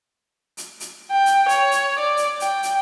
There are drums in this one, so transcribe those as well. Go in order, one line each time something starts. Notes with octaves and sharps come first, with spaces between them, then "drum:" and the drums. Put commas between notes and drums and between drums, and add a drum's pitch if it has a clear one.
drum: hi-hat
drum: hi-hat
G5
drum: hi-hat
C#5, drum: hi-hat
drum: hi-hat
D5
drum: hi-hat
G5, drum: hi-hat
drum: hi-hat